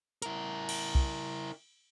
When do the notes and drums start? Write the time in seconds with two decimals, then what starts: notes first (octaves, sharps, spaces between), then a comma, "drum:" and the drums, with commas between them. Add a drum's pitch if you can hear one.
0.22 E4 A#4, drum: hi-hat
0.69 drum: cymbal
0.95 drum: kick B1